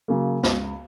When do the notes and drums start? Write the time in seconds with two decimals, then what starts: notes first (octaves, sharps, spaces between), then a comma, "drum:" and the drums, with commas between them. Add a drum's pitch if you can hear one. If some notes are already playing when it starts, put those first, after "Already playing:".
0.08 C#3 F#3 A#3
0.43 C#2, drum: snare